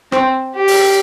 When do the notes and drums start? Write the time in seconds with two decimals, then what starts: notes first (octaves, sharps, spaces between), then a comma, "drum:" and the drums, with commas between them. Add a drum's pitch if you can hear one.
0.12 C4, drum: rim click
0.55 G4
0.68 drum: open hi-hat